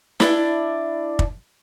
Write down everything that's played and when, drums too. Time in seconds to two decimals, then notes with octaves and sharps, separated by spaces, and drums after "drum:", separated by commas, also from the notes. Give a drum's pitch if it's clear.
0.20 D4 E4, drum: snare
1.19 drum: kick